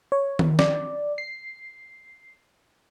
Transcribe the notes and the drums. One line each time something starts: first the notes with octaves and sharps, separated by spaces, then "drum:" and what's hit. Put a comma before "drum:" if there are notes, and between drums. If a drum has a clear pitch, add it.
C#5
drum: tom D#3
D5, drum: snare
C7